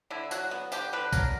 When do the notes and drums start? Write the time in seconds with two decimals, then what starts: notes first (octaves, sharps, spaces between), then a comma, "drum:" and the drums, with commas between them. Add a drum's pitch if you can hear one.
0.10 D3 E4
0.31 F#3 F#4, drum: tambourine
0.51 B3
0.72 D3 G4, drum: tambourine
0.93 D3 B4
1.13 F#3 A#4, drum: kick A#1, tambourine